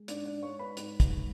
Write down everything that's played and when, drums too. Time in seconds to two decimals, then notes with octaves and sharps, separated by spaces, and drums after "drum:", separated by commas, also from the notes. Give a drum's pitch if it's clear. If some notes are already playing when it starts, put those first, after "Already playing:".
Already playing: G#3
0.08 G#2 D4 D5, drum: hi-hat
0.25 D4 D5
0.43 G#3 C#5 C#6
0.59 B4 B5
0.77 G#2, drum: hi-hat
1.00 drum: kick, hi-hat
1.11 G#3